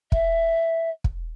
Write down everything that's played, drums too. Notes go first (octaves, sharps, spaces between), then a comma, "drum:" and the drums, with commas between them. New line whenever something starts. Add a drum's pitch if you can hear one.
E5, drum: kick
drum: kick